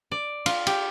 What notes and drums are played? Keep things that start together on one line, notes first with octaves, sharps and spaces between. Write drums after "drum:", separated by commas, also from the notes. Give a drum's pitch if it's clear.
D5
F4, drum: cymbal
G4, drum: cymbal